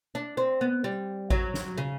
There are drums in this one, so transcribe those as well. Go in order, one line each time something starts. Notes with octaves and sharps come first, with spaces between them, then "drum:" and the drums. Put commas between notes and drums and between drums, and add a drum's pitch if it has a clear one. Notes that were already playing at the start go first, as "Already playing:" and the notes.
D4
C4
B3
G3
F#3, drum: kick A1
drum: snare
C#3